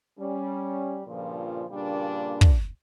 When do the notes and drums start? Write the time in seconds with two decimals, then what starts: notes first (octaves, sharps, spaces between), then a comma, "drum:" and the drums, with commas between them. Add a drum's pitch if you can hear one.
0.19 G3 C#4
1.06 G2 A#2 C#3 F3
1.70 G2 A#2 C#3 G3 A#3 D4
2.41 drum: kick